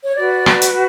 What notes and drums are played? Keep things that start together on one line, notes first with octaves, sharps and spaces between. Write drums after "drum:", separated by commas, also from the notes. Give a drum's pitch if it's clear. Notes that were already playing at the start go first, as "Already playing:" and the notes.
C#5
F#4 B4 D5
drum: rim click
drum: hi-hat